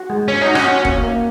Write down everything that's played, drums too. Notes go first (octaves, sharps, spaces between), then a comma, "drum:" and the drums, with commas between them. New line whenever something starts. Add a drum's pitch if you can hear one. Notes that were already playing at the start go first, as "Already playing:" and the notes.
Already playing: F#4
G#3
C#4 C#5
D#4
F#4
C#4, drum: rim click
F#4
A#3, drum: kick E1
A#3